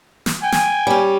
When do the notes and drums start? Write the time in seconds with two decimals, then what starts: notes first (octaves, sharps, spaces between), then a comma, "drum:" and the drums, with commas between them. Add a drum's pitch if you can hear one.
0.26 drum: snare
0.43 G5 G#5
0.52 drum: snare
0.87 G3 C#4